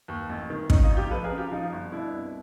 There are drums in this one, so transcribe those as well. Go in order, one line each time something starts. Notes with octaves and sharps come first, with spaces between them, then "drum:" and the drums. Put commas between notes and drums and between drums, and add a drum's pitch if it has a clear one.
D#2
A1
D#3
D#3 C#4 D#4, drum: kick
D#4 F4
A1
F4 G4
F3 A4 B4
G#4 A#4
C#3
F4 G4
F3 D#4 F4
G1
B2 D4 E4
C2